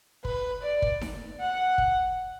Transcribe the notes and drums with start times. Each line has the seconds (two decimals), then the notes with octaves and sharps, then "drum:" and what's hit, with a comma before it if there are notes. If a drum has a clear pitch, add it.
0.25 B4, drum: kick
0.63 D5
0.82 drum: kick
1.01 drum: snare D#4
1.40 F#5
1.78 drum: kick